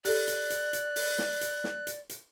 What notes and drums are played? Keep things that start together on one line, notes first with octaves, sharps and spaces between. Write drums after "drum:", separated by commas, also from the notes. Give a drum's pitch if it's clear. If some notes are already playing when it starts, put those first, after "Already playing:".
G4 A4 D5 F#6, drum: open hi-hat
drum: hi-hat
drum: hi-hat
drum: hi-hat
drum: open hi-hat
drum: snare
drum: hi-hat
drum: snare
drum: hi-hat
drum: hi-hat